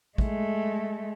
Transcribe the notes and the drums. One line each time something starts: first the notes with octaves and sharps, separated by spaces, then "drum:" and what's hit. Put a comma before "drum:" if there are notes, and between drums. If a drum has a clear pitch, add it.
G#3 A3, drum: kick